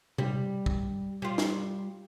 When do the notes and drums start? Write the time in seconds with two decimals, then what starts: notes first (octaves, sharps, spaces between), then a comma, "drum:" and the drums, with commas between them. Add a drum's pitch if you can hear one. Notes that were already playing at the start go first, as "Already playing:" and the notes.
0.18 G3, drum: tom C3
0.66 drum: kick
1.22 G3 F4
1.38 drum: snare